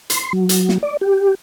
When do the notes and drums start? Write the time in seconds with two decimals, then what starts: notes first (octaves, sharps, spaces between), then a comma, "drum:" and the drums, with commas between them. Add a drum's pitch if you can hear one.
0.10 C6, drum: hi-hat
0.33 F#3
0.49 drum: hi-hat
0.69 drum: snare
0.83 D5
1.01 G4